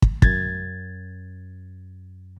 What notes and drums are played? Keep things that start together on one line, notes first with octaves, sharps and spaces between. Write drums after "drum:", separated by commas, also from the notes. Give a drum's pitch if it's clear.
drum: kick
F#2 G#6 A6, drum: kick